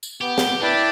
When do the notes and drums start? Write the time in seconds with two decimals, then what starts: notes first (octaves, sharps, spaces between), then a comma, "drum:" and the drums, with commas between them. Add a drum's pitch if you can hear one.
0.03 drum: tambourine
0.21 B3 G4
0.38 drum: snare
0.61 D4 E4 B4 D5 G5